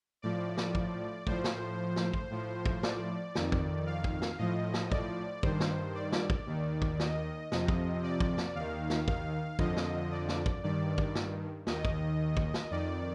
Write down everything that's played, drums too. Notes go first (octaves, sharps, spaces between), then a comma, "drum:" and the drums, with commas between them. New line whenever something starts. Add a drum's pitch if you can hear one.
A2 F3 D5
drum: snare
drum: kick
A2 F3 C5, drum: kick
drum: snare
drum: snare
drum: kick
A2 F3
drum: kick
D5, drum: snare
F2 D#3, drum: snare
drum: kick
F5
drum: kick
drum: snare
A2 F3 D#5
drum: snare
D5, drum: kick
G2 D#3 C5, drum: kick
drum: snare
D5
drum: snare
drum: kick
D#2 D#3
drum: kick
D#5, drum: snare
F2 C3 F3 D#5, drum: snare
drum: kick
D5
drum: kick
drum: snare
D#2 D#3 F5
drum: snare
F5, drum: kick
F2 D3 F3 D#5, drum: kick
drum: snare
D5
drum: snare
drum: kick
G2 D#3 D5
drum: kick
drum: snare
D#2 D#3 D#5, drum: snare
drum: kick
drum: kick
drum: snare
F2 D#3 D5